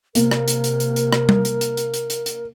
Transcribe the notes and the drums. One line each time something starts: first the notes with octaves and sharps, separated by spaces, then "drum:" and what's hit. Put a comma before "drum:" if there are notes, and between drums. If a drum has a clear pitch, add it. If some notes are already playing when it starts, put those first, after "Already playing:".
C3 A#3 A#4, drum: hi-hat
drum: rim click
drum: hi-hat
drum: hi-hat
drum: hi-hat
drum: hi-hat
drum: rim click
drum: tom G3
drum: hi-hat
drum: hi-hat
drum: hi-hat
drum: hi-hat
drum: hi-hat
drum: hi-hat